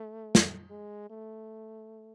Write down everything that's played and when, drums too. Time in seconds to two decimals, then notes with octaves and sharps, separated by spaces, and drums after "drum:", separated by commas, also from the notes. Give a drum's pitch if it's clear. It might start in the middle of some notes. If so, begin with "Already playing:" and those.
Already playing: A3
0.35 drum: snare
0.70 G#3
1.10 A3